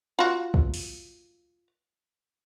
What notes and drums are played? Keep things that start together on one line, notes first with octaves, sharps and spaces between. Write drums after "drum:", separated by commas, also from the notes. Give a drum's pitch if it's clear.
F4 F#4
drum: kick
drum: open hi-hat